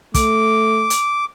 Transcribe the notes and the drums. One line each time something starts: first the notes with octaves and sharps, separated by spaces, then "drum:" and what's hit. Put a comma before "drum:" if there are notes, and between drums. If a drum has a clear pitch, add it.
A3 D6, drum: kick, hi-hat
drum: hi-hat